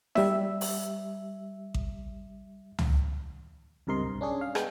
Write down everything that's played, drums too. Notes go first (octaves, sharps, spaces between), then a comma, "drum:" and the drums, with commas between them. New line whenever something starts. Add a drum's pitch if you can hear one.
G3 E5, drum: snare D#4
drum: open hi-hat
drum: kick A1
drum: tom
C#2 G2 C3 A#4 D#5 C6
B1 G2
C#4 D4 G#4 C#5
F5
G#3 B3 G5, drum: rim click